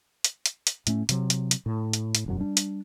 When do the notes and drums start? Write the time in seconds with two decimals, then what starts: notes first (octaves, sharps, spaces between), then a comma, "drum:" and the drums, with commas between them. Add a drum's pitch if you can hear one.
0.24 drum: hi-hat
0.46 drum: hi-hat
0.67 drum: hi-hat
0.87 A2 A3 C#4, drum: hi-hat
1.09 C3 F#3, drum: hi-hat
1.30 drum: hi-hat
1.51 drum: hi-hat
1.66 A2
1.93 drum: hi-hat
2.15 drum: hi-hat
2.26 E1 F#2 F#3
2.40 G3 D4
2.57 drum: hi-hat